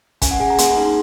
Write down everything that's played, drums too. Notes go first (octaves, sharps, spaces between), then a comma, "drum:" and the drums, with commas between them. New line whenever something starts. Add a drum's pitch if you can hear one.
C#4 G#5, drum: kick, hi-hat
F#5
G#4 G#5
A#5
A#3 C6, drum: hi-hat
D#4 G#4